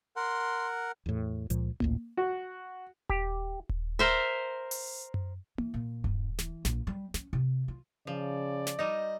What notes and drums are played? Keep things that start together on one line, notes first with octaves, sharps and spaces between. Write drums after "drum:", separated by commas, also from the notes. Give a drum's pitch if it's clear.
A#4 F#5 C6
E2 A2
C#2 A#2 F3, drum: hi-hat
A1 D2 A#2, drum: tom A#3
F#4
G4, drum: kick D#1
drum: kick D#1
A#4 C5 E5
drum: open hi-hat
drum: tom F#2
E3, drum: tom A#3
A#2
G2, drum: kick D#1
E3, drum: snare
A#1, drum: snare
G3
C#4, drum: snare
C3
F4
C#3 F3 D5
drum: snare
G3 D#4 D#5